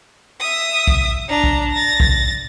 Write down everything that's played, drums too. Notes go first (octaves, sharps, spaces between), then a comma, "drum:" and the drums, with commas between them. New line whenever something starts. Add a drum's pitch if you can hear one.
E5 D#6
drum: kick
D4 A#5
drum: kick
A6 A#6
drum: kick